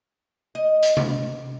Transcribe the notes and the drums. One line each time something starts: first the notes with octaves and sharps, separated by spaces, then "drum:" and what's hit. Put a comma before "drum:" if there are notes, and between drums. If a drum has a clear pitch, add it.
D#5
drum: hi-hat
drum: tom